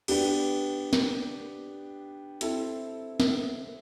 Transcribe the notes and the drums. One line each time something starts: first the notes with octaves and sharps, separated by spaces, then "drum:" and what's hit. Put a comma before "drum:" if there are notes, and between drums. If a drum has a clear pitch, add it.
B3 D4 G4, drum: cymbal
drum: snare
C4 E4 A4, drum: hi-hat
drum: snare